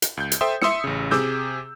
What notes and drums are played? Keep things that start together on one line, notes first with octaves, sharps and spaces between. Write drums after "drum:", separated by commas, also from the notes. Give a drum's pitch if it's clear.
drum: hi-hat
C#2 G6
drum: hi-hat
A4 C5 E5 G5 C6 D#6
E5 C6 D#6 E6 C#7, drum: snare
A1 C#3
C3 G#4 D6 E6 G6, drum: snare